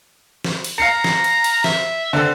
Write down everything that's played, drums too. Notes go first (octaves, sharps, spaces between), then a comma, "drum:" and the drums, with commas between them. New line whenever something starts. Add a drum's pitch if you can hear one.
drum: snare
drum: cymbal
F5 A#5 C7 C#7
drum: snare
drum: cymbal
drum: cymbal
E5, drum: snare
D3 C4 A4